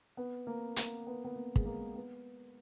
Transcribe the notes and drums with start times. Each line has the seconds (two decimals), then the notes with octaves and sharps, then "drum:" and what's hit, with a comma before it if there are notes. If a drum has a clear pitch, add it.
0.17 B3
0.47 A#3
0.76 A#3, drum: hi-hat
1.07 B3
1.25 B3
1.36 A#3
1.56 G#3, drum: kick
1.65 A#3
1.96 B3